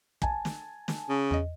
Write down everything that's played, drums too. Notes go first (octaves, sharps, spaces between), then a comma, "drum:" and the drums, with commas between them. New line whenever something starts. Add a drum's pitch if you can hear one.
G#5 A5, drum: kick
drum: snare
drum: snare
C#3
E2 D#5